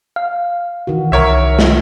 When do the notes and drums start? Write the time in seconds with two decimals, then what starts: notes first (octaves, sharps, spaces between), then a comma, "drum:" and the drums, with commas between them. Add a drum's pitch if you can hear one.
0.16 F5
0.87 D#3 E3 F#4
1.12 C2 A#4 C#5 E5
1.59 drum: snare